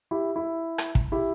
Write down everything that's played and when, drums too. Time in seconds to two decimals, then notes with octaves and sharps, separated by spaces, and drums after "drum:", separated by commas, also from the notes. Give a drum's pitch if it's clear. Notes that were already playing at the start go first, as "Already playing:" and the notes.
0.11 E4 G4
0.36 E4
0.78 drum: rim click
0.95 drum: kick
1.12 E4 G4